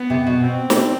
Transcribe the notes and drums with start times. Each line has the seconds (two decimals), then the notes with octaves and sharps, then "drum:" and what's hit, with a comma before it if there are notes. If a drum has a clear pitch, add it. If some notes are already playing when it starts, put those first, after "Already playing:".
Already playing: B3
0.10 C3
0.27 B2
0.44 C4
0.70 drum: snare